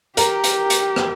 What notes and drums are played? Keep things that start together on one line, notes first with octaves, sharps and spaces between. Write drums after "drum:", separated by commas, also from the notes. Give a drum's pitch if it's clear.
G4 A#4, drum: hi-hat
drum: hi-hat
drum: hi-hat
drum: rim click